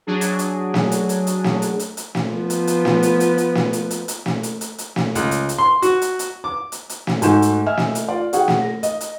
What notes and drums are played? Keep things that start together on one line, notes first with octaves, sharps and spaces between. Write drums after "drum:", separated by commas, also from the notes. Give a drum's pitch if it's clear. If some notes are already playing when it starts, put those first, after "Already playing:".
F#3 D4 G#4
drum: hi-hat
drum: hi-hat
drum: snare
drum: hi-hat
drum: hi-hat
drum: hi-hat
drum: snare
drum: hi-hat
drum: hi-hat
drum: hi-hat
drum: snare
F3 B3
drum: hi-hat
drum: hi-hat
drum: snare
drum: hi-hat
drum: hi-hat
drum: hi-hat
drum: snare
drum: hi-hat
drum: hi-hat
drum: hi-hat
drum: snare
drum: hi-hat
drum: hi-hat
drum: hi-hat
drum: snare
C#2, drum: hi-hat
drum: hi-hat
drum: hi-hat
C6
F#4, drum: hi-hat
drum: hi-hat
drum: hi-hat
D6
drum: hi-hat
drum: hi-hat
drum: snare
G#2 A3 F#4 G#5 G6 E7, drum: hi-hat
drum: hi-hat
D#5 E5 G#5 F6
drum: snare
drum: hi-hat
F4 D5
F#4 G#4 F#5 G5, drum: hi-hat
drum: snare
A#6
D#5, drum: hi-hat
drum: hi-hat